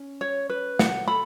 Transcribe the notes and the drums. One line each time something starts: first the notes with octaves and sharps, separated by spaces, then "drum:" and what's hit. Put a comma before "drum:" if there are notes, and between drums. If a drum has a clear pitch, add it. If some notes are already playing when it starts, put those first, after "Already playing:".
Already playing: C#4
C#5
B4
F#5, drum: snare
A4 B5